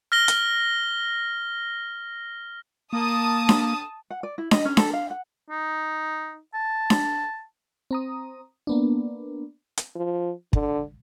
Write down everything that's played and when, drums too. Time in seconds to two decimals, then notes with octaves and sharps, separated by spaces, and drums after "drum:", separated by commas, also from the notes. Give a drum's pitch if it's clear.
0.12 F6 A#6 G7
0.28 drum: hi-hat
2.93 A#3 A5 D#6
3.49 drum: snare D4
4.10 F#5
4.23 D5
4.38 E4
4.51 D#5, drum: snare D4
4.65 C#4
4.77 A4, drum: snare D4
4.93 F5
5.10 F#5
5.50 D#4
6.54 A5
6.90 drum: snare D4
7.91 C4 A#5 D#6
8.67 A#3 B3 D4
9.78 drum: hi-hat
9.96 F3
10.53 D3, drum: kick